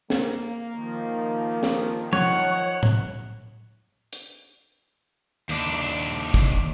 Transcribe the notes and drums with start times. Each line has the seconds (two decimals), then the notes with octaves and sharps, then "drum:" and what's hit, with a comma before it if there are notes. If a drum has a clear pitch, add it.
0.10 A#3, drum: snare
0.72 D#3 F3
1.63 drum: snare
2.13 C#5 F#5, drum: tom
2.83 drum: tom A2
4.13 drum: hi-hat
5.49 D#2 D4, drum: hi-hat
6.34 drum: kick